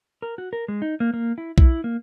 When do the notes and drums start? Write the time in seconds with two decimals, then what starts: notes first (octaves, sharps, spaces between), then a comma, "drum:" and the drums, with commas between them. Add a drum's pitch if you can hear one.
0.22 A#4
0.38 F#4
0.53 A#4
0.68 G#3
0.82 D#4
1.00 A#3
1.14 A#3
1.38 E4
1.58 E4, drum: kick B1
1.84 A#3